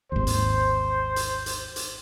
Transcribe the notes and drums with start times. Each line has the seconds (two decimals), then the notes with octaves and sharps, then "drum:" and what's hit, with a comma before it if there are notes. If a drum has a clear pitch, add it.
0.12 G#1 D#2 C5
0.27 drum: hi-hat
1.16 drum: hi-hat
1.46 drum: hi-hat
1.76 drum: hi-hat